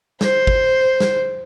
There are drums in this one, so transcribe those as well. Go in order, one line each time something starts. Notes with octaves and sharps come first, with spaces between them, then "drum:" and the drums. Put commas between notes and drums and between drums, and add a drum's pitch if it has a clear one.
C5, drum: snare
drum: kick
drum: snare